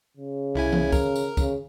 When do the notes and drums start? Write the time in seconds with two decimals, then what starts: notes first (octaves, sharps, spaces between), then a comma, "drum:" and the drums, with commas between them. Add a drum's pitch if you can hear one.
0.17 C#3
0.55 C2 E4 G#5
0.72 drum: tom E3
0.92 A#4, drum: kick, tambourine
1.16 drum: tambourine
1.37 C#3, drum: kick, tambourine